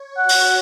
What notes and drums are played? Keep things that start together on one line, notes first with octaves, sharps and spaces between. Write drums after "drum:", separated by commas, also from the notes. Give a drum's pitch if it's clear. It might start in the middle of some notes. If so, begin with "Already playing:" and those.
Already playing: C#5
F#4 F#5
drum: open hi-hat